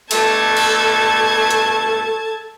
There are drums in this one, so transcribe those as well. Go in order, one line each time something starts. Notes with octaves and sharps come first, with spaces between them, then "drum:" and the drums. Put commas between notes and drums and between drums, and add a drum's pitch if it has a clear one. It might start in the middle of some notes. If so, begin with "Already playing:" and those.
G2 B2 A3 A4 A5 G#6, drum: cymbal
drum: cymbal
drum: hi-hat